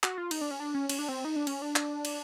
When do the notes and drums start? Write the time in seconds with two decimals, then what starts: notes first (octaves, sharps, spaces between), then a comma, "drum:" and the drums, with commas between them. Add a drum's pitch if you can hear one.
0.03 F#4, drum: clap
0.18 F4
0.31 D#4, drum: cymbal
0.41 D4
0.51 C#4
0.60 D4
0.74 C#4
0.89 C#4, drum: cymbal
0.99 D4
1.09 C4
1.25 D#4
1.36 D4
1.47 C#4, drum: cymbal
1.62 D4
1.76 drum: clap
2.05 drum: cymbal